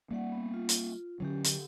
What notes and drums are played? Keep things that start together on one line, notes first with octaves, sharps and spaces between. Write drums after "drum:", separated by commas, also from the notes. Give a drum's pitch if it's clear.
G3 A#3 D5 F#5
B3
F4
drum: hi-hat
D3 F#3 C#4 G4
G4, drum: hi-hat